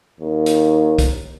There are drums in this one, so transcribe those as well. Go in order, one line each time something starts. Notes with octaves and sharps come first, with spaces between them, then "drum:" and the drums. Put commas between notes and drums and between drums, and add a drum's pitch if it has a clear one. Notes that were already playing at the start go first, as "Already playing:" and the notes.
D#2
drum: hi-hat
drum: kick, hi-hat